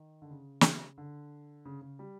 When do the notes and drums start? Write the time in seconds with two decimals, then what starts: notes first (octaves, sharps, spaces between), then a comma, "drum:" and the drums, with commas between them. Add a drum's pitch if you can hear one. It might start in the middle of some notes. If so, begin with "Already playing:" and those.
Already playing: D#3
0.22 D3
0.31 C#3
0.61 drum: snare
0.98 D3
1.65 C#3
1.81 C#3
1.99 G3